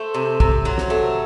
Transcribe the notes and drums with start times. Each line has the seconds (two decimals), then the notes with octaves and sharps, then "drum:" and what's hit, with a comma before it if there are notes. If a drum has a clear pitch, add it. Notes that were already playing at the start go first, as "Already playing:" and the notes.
Already playing: A3 C5
0.14 C3
0.40 C3, drum: kick
0.65 F#3
0.78 drum: snare
0.90 A3